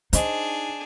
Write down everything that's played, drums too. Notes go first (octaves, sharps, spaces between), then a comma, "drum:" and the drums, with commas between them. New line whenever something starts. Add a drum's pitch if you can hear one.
D4 D#4 G#4 C5 D#5, drum: hi-hat